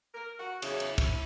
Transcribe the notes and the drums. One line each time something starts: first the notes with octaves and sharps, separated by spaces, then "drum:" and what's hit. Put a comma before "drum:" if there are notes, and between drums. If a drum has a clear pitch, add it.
A#4
F#4
E2 C#3 F#3 E4, drum: cymbal
drum: cymbal
drum: kick, cymbal